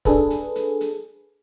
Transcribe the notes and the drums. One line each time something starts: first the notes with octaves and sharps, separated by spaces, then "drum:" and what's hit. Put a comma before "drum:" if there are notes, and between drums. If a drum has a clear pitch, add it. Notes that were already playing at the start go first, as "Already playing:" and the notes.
D4 G#4 A4 B4, drum: kick, hi-hat
drum: hi-hat
drum: hi-hat
drum: hi-hat